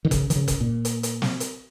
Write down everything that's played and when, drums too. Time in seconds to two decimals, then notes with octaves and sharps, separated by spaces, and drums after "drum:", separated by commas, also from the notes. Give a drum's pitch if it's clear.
0.05 D#3
0.11 C#3, drum: kick F1, hi-hat
0.30 D#3, drum: hi-hat
0.36 C#3
0.48 drum: kick F1, hi-hat
0.61 A#2
0.85 drum: hi-hat
1.03 drum: hi-hat
1.22 drum: snare
1.40 drum: hi-hat